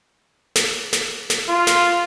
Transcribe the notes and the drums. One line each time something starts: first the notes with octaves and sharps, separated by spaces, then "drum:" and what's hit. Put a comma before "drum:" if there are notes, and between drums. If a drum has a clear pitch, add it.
drum: snare
drum: snare
drum: snare
F4
drum: snare